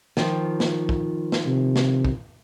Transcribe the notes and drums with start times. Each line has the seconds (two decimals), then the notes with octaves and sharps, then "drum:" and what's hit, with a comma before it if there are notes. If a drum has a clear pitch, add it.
0.17 D#3 F3, drum: snare
0.60 drum: snare
0.89 drum: kick
1.32 drum: snare
1.46 C3
1.76 drum: snare
2.05 drum: kick